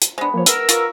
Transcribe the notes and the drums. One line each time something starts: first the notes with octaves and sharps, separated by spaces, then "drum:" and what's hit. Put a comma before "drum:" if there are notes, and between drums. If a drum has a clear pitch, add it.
drum: hi-hat
G#3 B3 D4 C5
F3 A#3 C#5
A#4 B4 F#5 E6, drum: hi-hat
F4 C#6, drum: hi-hat